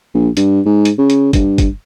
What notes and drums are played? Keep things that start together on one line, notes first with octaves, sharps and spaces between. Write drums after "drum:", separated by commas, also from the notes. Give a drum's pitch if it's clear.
A#1
G2, drum: hi-hat
G#2
drum: hi-hat
C#3
drum: hi-hat
G2, drum: kick, hi-hat
drum: kick, hi-hat